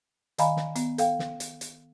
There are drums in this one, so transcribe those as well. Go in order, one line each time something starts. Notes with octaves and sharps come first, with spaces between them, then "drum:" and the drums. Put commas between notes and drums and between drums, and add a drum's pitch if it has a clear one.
D#3 D#5 F5 G#5 A#5 B5, drum: hi-hat
drum: snare
B3, drum: hi-hat
A4 F5 G5, drum: hi-hat
drum: snare
drum: hi-hat
drum: hi-hat